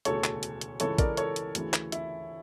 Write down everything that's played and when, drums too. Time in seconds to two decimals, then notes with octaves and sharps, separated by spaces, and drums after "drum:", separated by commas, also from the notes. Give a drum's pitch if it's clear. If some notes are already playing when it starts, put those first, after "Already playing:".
0.05 E1 D2 C#3 A4 C#5, drum: hi-hat
0.24 drum: clap
0.43 drum: hi-hat
0.61 drum: hi-hat
0.80 C#2 C#3 E3 A4 C#5, drum: hi-hat
0.98 A#4 D5, drum: kick, hi-hat
1.17 A4 C#5, drum: hi-hat
1.36 drum: hi-hat
1.55 D2 C#3 E3, drum: hi-hat
1.74 drum: clap
1.92 E4, drum: hi-hat